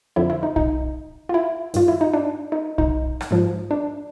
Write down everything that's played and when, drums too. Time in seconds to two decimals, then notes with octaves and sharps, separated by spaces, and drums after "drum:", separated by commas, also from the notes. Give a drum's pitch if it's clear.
0.16 F2 D3 F3 E4
0.30 E4
0.43 D#4
0.56 D#4, drum: kick
1.29 F4
1.34 E4
1.74 G2 D#3 F4, drum: hi-hat
1.88 E4
2.01 D#4
2.14 D4
2.52 D#4
2.78 D#4, drum: kick
3.21 drum: rim click
3.31 G#2 F3
3.71 D4